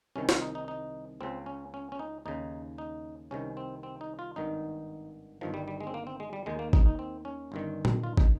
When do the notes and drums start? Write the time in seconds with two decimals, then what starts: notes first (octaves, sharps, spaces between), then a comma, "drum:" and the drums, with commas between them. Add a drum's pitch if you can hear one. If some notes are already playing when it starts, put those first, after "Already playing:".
0.16 C2 C3 D#3 C#4
0.29 F4, drum: snare
0.41 D#4
0.55 D#4
0.68 D#4
1.21 C#2 C#3 C4
1.46 C#4
1.74 C#4
1.92 C#4
1.99 D#4
2.26 D#2 C#3 D#4
2.78 D#4
3.31 C2 C3 D#3 C#4
3.57 C4
3.83 C4
4.01 D#4
4.19 F4
4.36 G#1 G2 D#3 D#4
5.41 G1 G2 D#3 F3
5.54 G3
5.68 G3
5.80 G#3
5.87 C4
5.94 A#3
6.07 C4
6.20 G#3
6.33 G3
6.46 D#2 D#3 G#3
6.59 A#3
6.73 D#4, drum: kick
6.86 D#4
6.99 C4
7.25 C#4
7.52 G1 G2 D#3
7.85 drum: tom A#2
8.04 F4
8.17 D#4, drum: kick